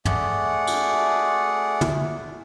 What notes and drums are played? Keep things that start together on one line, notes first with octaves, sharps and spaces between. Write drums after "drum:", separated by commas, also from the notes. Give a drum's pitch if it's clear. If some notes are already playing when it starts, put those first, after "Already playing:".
A3 G#4 D5 F#5, drum: tom
drum: cymbal
drum: tom